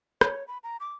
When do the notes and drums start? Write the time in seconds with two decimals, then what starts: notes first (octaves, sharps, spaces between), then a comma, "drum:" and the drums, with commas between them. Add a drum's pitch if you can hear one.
0.21 C#5, drum: rim click
0.48 B5
0.63 A#5
0.80 D6